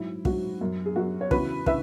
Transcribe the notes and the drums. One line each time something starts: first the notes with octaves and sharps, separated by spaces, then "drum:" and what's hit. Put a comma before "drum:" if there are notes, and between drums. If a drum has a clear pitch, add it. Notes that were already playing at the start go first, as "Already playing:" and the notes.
Already playing: G#2 F#3 E4
G#2 F#3 F#4, drum: kick
F#2 F#3
G#4
F#2 F#3 F#4
C#5
E2 C#3 E3 F#4 B4, drum: kick
C#3 E3 B4 E5, drum: kick